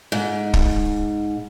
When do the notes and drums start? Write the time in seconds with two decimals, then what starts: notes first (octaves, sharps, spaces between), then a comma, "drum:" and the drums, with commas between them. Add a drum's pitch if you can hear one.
0.12 G#2
0.54 drum: kick